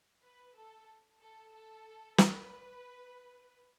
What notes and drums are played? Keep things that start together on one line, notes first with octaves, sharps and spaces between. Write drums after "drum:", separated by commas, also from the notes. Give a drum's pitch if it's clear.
B4
A4
A4
A4
B4, drum: snare